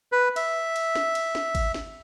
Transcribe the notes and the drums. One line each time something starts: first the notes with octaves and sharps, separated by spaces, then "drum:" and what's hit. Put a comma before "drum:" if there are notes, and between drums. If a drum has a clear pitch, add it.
B4
E5, drum: cymbal
drum: cymbal
drum: snare
drum: cymbal
drum: snare
drum: kick G#1, cymbal
drum: snare